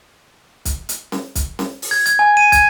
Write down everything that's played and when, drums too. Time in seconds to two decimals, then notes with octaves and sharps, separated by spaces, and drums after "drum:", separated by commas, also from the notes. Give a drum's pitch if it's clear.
0.65 drum: kick, hi-hat
0.89 drum: hi-hat
1.12 drum: snare C#4
1.35 drum: kick, hi-hat
1.59 drum: snare C#4
1.82 drum: open hi-hat
1.91 G#6
2.06 G#6, drum: hi-hat
2.19 G#5
2.37 D#7
2.52 G#6, drum: kick, hi-hat